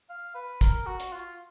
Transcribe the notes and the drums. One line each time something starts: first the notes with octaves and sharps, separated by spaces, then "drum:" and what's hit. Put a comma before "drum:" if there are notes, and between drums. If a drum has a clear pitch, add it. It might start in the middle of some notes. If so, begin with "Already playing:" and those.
F5
B4
A#4, drum: kick, hi-hat
F#4
drum: hi-hat
F4